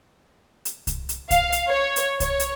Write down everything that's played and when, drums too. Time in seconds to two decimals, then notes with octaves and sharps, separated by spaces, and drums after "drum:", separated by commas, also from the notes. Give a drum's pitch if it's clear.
0.65 drum: hi-hat
0.87 drum: kick C2, hi-hat
1.09 drum: hi-hat
1.31 F5, drum: kick C2, hi-hat
1.52 drum: hi-hat
1.69 C#5
1.96 drum: hi-hat
2.20 C#5, drum: kick C2, hi-hat
2.40 drum: hi-hat